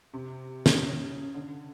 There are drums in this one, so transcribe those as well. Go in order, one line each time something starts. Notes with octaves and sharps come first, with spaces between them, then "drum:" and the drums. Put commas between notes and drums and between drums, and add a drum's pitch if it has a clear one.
C3
C3, drum: snare
C#3
D3